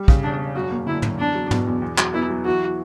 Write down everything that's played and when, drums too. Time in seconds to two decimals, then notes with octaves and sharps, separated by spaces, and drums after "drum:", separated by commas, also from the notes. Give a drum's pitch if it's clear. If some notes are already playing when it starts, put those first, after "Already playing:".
Already playing: G3
0.08 C#3, drum: kick
0.23 E1 D4
0.39 E1
0.55 F#2 F#4
0.72 A#3
0.86 D3 E4
1.02 F#2, drum: tom
1.18 E2 D4
1.35 F#3
1.51 B2, drum: tom
1.67 E2
1.82 E2
1.98 F#3, drum: clap
2.14 B3 E4
2.30 F#3
2.45 E3 F#4